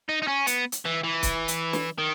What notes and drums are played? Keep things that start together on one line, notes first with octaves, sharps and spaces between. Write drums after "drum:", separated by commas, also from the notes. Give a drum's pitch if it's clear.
D#4
D#4
C#4
B3, drum: hi-hat
drum: hi-hat
E3
E3
drum: kick C#1, hi-hat
drum: hi-hat
drum: snare
D#3